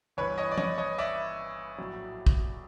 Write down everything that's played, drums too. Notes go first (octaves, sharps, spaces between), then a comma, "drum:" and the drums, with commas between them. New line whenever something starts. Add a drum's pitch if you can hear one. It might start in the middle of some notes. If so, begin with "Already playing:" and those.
G1 G2 E3 B4 C#5
C#5 D#5
D5
C#5 D#5, drum: tom
C#5 D#5
D5 E5
A#1 A2 F#3
drum: kick